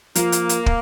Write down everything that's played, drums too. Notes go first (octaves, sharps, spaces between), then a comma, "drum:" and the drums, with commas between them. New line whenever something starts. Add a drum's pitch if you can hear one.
F3 A#3, drum: hi-hat
drum: hi-hat
drum: hi-hat
drum: kick